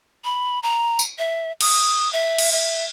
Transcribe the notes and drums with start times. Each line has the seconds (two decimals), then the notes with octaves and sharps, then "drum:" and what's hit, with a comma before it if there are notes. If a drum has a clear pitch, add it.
0.24 B5
0.63 A#5
0.99 drum: tambourine
1.18 E5
1.61 D#6, drum: cymbal
2.13 E5
2.38 drum: cymbal
2.52 E5